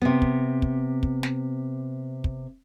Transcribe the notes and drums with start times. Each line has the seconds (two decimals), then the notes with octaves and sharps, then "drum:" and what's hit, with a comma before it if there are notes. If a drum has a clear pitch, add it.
0.02 C3 B3
0.22 drum: kick
0.62 drum: kick
1.03 drum: kick
1.23 drum: snare
2.24 drum: kick